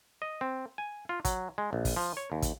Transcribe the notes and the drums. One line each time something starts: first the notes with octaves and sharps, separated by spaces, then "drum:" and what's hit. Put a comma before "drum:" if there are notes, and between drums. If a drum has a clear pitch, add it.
D#5
C4
G#5
F4
F#3, drum: kick, hi-hat
G#3
A#1
drum: kick, open hi-hat
F3
C#5
D#2
drum: kick, hi-hat